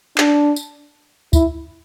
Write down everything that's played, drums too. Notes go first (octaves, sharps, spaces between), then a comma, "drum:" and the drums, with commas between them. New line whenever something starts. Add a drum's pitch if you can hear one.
D4, drum: clap
drum: tambourine
E4, drum: kick, tambourine